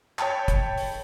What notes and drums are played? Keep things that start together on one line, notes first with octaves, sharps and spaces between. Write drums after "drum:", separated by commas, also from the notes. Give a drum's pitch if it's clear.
C#5 G5 A5 B5, drum: clap
drum: kick, hi-hat
drum: open hi-hat